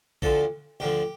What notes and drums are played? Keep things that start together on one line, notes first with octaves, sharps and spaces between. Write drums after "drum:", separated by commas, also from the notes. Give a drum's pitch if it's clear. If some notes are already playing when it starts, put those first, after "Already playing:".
D2 D3 F3 A4, drum: kick
D2 D3 F3 G4